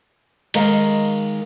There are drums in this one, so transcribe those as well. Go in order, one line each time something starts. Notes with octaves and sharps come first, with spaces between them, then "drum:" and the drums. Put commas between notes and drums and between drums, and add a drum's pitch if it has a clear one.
D#3 G#3 A#4 F5, drum: cymbal